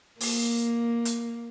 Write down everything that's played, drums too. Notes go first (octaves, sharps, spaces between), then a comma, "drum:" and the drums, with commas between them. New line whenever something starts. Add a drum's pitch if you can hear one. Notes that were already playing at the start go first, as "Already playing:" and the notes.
A#3, drum: open hi-hat
drum: hi-hat